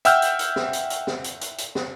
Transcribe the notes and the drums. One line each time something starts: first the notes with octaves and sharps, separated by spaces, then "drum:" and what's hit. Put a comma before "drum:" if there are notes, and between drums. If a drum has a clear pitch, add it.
E5 F#5 G5 E6 F6 G6, drum: hi-hat
drum: hi-hat
drum: hi-hat
drum: snare
drum: hi-hat
drum: hi-hat
drum: snare
drum: hi-hat
drum: hi-hat
drum: hi-hat
drum: snare